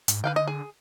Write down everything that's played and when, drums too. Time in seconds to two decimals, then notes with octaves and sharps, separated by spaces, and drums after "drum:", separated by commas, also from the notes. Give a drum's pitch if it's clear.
0.08 G#2, drum: hi-hat
0.24 D3 B4 F5 G5
0.36 D#5
0.48 G#4